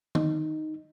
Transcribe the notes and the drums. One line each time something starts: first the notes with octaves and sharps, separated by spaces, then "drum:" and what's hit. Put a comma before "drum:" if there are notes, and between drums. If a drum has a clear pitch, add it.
D#4, drum: tom D#3